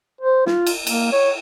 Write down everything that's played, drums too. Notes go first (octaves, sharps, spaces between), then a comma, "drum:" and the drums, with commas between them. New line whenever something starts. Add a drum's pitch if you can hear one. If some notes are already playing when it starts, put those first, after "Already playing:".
C5
F4, drum: snare
drum: cymbal
A#3, drum: cymbal
C#5